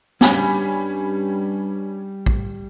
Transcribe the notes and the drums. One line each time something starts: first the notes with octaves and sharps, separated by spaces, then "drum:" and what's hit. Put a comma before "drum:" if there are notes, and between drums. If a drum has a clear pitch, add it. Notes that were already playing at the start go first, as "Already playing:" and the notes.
G2 G3 C#4 G#5 B5, drum: snare
drum: kick